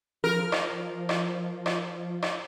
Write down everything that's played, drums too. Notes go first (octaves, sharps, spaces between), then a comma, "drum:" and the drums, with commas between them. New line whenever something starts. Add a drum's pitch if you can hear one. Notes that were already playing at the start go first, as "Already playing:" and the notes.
F3 A#4
drum: rim click
drum: rim click
drum: rim click
drum: rim click